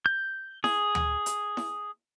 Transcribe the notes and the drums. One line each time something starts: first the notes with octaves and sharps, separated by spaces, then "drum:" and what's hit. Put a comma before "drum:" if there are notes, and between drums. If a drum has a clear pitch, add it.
G6
G#4, drum: snare E4
drum: tom D2
drum: hi-hat
drum: snare E4